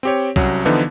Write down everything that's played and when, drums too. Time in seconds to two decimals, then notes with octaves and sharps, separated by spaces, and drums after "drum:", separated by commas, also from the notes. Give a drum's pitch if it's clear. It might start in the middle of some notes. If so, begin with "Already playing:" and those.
0.03 C4 G4 C#5
0.36 C2 F#3 C#4, drum: kick B1
0.65 D3 E3 F3 B3 D#4